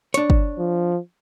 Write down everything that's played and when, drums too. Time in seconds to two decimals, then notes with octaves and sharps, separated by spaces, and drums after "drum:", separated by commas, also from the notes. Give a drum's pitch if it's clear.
0.14 D4 C#5, drum: hi-hat
0.30 drum: kick
0.58 F3